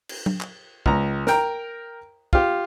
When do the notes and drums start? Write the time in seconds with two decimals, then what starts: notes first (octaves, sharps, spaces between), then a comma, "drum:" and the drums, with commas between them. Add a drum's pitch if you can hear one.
0.09 drum: cymbal
0.26 drum: tom F#3
0.41 drum: clap
0.86 C#2 A#5, drum: kick
1.27 A#4 G5 A#5, drum: snare
2.33 F4 G4, drum: kick